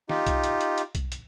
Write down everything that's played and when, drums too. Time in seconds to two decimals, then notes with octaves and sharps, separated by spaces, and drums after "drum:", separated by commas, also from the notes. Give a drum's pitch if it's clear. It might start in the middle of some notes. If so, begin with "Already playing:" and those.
0.09 D#4 F4 G4, drum: snare
0.27 drum: kick B1, hi-hat
0.44 drum: hi-hat
0.61 drum: hi-hat
0.78 drum: hi-hat
0.95 drum: kick B1, hi-hat
1.12 drum: hi-hat